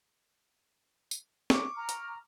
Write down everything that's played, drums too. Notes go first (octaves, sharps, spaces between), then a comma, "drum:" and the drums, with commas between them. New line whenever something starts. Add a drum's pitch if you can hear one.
drum: tambourine
C#6 D6, drum: snare
A#5 F6
drum: hi-hat